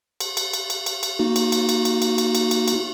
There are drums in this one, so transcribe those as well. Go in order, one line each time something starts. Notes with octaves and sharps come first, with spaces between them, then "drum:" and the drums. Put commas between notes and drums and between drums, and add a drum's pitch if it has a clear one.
drum: cymbal
drum: cymbal
drum: cymbal
drum: cymbal
drum: cymbal
drum: cymbal
A#3 D#4 F#4
drum: cymbal
drum: cymbal
drum: cymbal
drum: cymbal
drum: cymbal
drum: cymbal
drum: cymbal
drum: cymbal
drum: cymbal